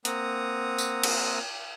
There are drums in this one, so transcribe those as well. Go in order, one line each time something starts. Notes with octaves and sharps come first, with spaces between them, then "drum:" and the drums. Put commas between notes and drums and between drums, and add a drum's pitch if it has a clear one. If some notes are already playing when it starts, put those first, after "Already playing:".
A#3 C4 F#5 A#5 D#6, drum: hi-hat
drum: tambourine
drum: cymbal